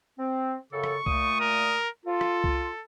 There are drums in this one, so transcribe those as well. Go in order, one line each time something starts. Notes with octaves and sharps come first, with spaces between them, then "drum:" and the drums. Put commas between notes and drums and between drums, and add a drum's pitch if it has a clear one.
C4
F#2 C#3 A4 C#6
drum: rim click
A#2 A3 D#6, drum: kick C2
A#4
F4 A4
drum: rim click
drum: kick C2